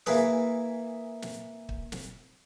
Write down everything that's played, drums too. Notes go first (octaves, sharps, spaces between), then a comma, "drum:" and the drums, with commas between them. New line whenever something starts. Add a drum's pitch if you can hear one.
E3 A#3 G#4 B4 D#6, drum: snare
drum: snare
drum: kick
drum: snare